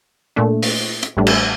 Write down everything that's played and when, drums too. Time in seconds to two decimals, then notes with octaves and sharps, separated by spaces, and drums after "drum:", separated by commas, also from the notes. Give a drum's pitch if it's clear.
0.36 A#2 A3 D4
0.62 drum: open hi-hat
1.03 drum: hi-hat
1.17 A1 A2 G3 D4
1.27 drum: cymbal